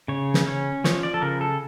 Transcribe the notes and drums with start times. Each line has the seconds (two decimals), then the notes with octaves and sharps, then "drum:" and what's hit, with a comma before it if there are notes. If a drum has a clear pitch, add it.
0.08 C#3 C#5
0.34 drum: snare
0.46 C#4 C#5
0.84 F3 C#5, drum: snare
1.03 D5
1.14 A4
1.22 C#3 A#4
1.41 A4